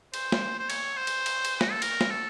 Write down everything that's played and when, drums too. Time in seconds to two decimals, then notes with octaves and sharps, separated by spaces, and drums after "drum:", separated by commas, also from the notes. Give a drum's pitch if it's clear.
0.14 C5, drum: cymbal
0.32 drum: snare
0.59 C5
0.70 C#5, drum: cymbal
0.97 C5
1.07 drum: cymbal
1.26 drum: cymbal
1.45 drum: cymbal
1.61 F#4, drum: snare
1.71 A4
1.82 A#4, drum: cymbal
2.01 drum: snare
2.10 A4